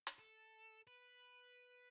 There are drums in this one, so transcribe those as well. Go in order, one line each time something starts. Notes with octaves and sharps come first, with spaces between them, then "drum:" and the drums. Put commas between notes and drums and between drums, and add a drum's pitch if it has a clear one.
drum: hi-hat
A4
B4